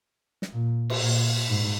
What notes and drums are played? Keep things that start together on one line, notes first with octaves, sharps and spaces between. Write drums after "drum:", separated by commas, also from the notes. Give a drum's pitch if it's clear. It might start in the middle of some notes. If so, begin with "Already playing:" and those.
drum: snare
A#2
drum: cymbal
A#2
G#2